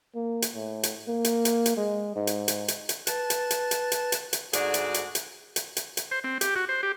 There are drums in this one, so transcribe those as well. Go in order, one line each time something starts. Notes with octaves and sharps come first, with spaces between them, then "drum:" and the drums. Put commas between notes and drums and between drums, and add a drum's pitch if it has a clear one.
A#3
drum: hi-hat
A2
drum: hi-hat
A#3
drum: hi-hat
drum: hi-hat
drum: hi-hat
G#3
G#2
drum: hi-hat
drum: hi-hat
drum: hi-hat
drum: hi-hat
B4 A5 A6, drum: hi-hat
drum: hi-hat
drum: hi-hat
drum: hi-hat
drum: hi-hat
drum: hi-hat
drum: hi-hat
D2 G#2 D3 F#4 G#4 D5, drum: hi-hat
drum: hi-hat
drum: hi-hat
drum: hi-hat
drum: hi-hat
drum: hi-hat
drum: hi-hat
C5
C4
G4, drum: hi-hat
F#4
C5
G4